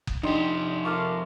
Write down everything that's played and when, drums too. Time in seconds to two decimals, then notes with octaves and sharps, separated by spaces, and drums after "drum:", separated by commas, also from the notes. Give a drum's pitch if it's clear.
0.07 drum: kick F#1
0.23 F2 D4 D#4 G4 D5 C6
0.85 F4 A4 A#4 C#6 D6 F6